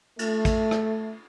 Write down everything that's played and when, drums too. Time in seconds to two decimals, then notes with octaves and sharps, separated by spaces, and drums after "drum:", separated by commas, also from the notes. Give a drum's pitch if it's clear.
0.19 A3, drum: cymbal
0.45 drum: kick, cymbal
0.71 drum: rim click